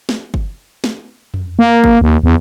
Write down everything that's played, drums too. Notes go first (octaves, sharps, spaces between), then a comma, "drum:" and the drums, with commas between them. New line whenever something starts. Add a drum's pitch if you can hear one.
drum: snare
drum: kick G1
drum: snare
drum: tom F2
A#3
drum: kick G1
D#2
E2